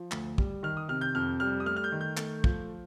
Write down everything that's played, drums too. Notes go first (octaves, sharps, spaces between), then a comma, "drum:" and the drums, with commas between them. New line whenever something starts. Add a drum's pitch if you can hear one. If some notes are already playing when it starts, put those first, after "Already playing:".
Already playing: F3
D2, drum: clap
G3, drum: kick
D#3 F6
D#6
C3 F6
G6
F2 F6
G3 F6
D#6
A3 F6
F6
G6
D#3
G6
A3, drum: clap
F3, drum: kick